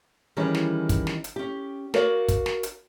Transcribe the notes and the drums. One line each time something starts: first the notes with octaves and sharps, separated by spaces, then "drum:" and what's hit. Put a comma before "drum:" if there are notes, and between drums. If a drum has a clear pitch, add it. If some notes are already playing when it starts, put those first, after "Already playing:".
D#3 E3 G3 C#4 G#4
drum: snare
drum: kick, hi-hat
drum: snare
drum: hi-hat
C#4 G4
F#4 A#4 C#5 D5 F5, drum: snare
drum: kick, hi-hat
drum: snare
drum: hi-hat